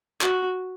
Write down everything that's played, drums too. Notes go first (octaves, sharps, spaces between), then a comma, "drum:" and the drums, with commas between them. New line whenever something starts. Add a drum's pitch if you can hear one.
F#4, drum: clap